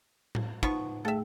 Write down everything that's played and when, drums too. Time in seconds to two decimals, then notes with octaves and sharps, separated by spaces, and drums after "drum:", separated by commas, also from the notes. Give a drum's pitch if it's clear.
0.35 drum: tom A2
0.63 F3 B3 D#4 C#6, drum: kick
1.05 A3 G#4 A4 E5 G5